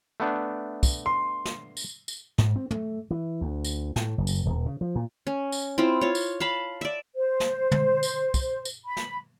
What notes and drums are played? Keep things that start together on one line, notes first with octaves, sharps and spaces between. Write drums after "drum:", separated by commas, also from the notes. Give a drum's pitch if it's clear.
A3 B3 D4
drum: kick, tambourine
C6
drum: snare
drum: tambourine
drum: tambourine
G#2, drum: snare
C4
A3, drum: tom
E3
D2
drum: tambourine
A2, drum: snare
F#1
drum: tambourine
D#1
C#3
F3
A#2
C#4
drum: tambourine
C4 E4 F4
F4 C#5
drum: tambourine
F5 A5 B5
D5 E5
C5
drum: snare
drum: tom
drum: tambourine
drum: kick, tambourine
drum: tambourine
B5
drum: snare